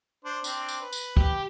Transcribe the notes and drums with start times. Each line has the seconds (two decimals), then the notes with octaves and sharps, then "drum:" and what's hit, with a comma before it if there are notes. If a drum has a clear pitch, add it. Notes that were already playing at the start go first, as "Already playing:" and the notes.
0.25 D4 C5
0.44 C4 D4, drum: tambourine
0.68 drum: tambourine
0.81 B4
0.93 drum: tambourine
1.17 G4, drum: kick